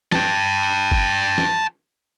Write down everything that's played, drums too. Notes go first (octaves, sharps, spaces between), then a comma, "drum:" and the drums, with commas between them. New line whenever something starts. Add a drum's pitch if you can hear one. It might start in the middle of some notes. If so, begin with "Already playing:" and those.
G5 A5, drum: snare
drum: kick G1
drum: snare